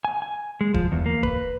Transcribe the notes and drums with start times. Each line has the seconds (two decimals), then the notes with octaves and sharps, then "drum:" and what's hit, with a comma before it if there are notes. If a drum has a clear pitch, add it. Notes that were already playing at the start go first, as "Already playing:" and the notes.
0.05 G#5
0.22 G#5
0.61 G#3
0.74 F3, drum: kick E1
0.92 E2
1.06 A#3
1.23 B4, drum: kick E1